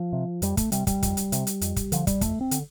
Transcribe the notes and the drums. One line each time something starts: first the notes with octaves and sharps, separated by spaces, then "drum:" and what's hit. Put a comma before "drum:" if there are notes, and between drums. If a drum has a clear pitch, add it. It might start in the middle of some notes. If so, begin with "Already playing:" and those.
Already playing: F3
C3
F2 G3, drum: hi-hat
A3, drum: kick, hi-hat
C3 G3, drum: hi-hat
G3, drum: kick, hi-hat
F2, drum: kick, hi-hat
drum: hi-hat
C3, drum: hi-hat
drum: hi-hat
F2, drum: hi-hat
drum: kick, hi-hat
D3 F3, drum: hi-hat
G3, drum: kick, hi-hat
F2 A3, drum: kick, hi-hat
C4
D3, drum: hi-hat